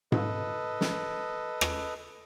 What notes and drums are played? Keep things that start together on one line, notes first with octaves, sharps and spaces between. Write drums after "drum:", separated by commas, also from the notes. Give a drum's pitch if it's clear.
A4 B4 D#5, drum: tom G#2
drum: snare
drum: rim click